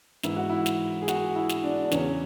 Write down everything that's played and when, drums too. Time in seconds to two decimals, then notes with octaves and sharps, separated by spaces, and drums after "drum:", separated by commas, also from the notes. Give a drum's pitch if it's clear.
0.23 G#2 E3 E4, drum: snare
0.37 F#4
0.49 E4
0.66 drum: snare
1.02 G#4
1.08 F#4, drum: snare
1.36 E4
1.49 drum: snare
1.63 D4
1.84 D4
1.91 E2 C#3 E3 C#4, drum: snare